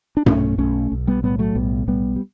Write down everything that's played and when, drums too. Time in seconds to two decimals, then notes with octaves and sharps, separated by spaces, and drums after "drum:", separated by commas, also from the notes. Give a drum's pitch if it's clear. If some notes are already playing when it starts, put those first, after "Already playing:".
0.17 D4
0.26 B1 A3 C#4, drum: tom G2
0.58 B1 A3 C#4
0.92 B1
1.07 G3 B3
1.23 A2 G3 B3
1.39 F#3 A3
1.55 B1 G3 B3
1.88 B1 G3 B3
2.16 G3